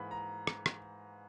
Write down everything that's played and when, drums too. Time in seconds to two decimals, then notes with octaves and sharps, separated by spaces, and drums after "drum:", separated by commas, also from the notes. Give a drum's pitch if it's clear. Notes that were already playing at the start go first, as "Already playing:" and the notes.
Already playing: G#2 E3 A#3 B5
0.11 A#5
0.47 drum: rim click
0.66 drum: rim click